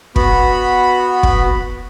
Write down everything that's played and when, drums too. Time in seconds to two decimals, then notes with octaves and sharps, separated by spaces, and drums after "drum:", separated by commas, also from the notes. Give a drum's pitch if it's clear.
0.16 B3 F#4 B5, drum: kick
1.23 drum: kick